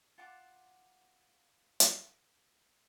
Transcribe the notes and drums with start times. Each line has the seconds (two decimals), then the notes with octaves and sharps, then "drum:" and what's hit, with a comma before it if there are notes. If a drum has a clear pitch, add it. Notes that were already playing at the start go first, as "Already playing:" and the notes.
0.18 F4 F#5 A5 D6
1.80 drum: hi-hat